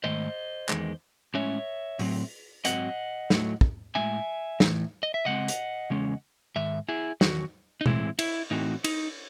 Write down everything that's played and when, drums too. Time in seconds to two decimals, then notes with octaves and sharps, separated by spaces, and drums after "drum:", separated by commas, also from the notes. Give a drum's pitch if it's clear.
0.04 G#2 D#3 A3 C5 D#5
0.69 E2 D#3 G#3, drum: clap
1.34 A2 G#3 C#4 C#5 E5
1.99 A2 F#3 A3 C4, drum: open hi-hat
2.65 G#2 F#3 C4 D#5 F#5, drum: hi-hat
3.30 A2 F#3 A3, drum: snare
3.61 drum: kick
3.95 A2 G#3 C#4 E5 G#5
4.60 A2 E3 C4, drum: snare
5.03 D#5
5.14 E5
5.25 C#3 G#3 C4 D#5 F#5
5.48 drum: hi-hat
5.90 E2 C#3 G#3 C#4
6.56 G#2 D#3 E5
6.89 E4 G#4
7.21 E2 D#3 F#3 F#4, drum: snare
7.81 D#4
7.86 A2 E3 G#3 C4 E4, drum: tom B2
8.19 E4, drum: cymbal
8.51 A2 E3 A3 C4 D#4 F#4
8.84 D#4, drum: cymbal